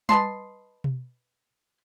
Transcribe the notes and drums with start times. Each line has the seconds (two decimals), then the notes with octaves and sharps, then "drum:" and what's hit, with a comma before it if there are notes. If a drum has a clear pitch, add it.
0.09 B4 D#5 A5 C6, drum: tom G3
0.84 drum: tom B2